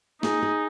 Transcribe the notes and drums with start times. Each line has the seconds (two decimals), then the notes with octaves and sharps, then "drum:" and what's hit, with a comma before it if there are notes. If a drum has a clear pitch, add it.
0.23 D#4 G#4, drum: snare
0.43 G#4